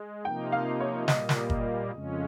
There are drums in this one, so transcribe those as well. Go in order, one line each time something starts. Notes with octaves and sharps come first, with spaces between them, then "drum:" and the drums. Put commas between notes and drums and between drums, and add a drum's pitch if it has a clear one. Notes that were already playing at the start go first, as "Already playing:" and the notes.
Already playing: G#3
C3 F3 A#3 D#4 G5
F5
C#5
A#2 G3 A#3 D#5, drum: snare
drum: snare
drum: kick
F2 C#3 G#3 C#4